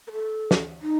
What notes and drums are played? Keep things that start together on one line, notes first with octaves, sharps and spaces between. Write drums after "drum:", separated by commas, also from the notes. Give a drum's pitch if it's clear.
A#4
A4
drum: snare
D#4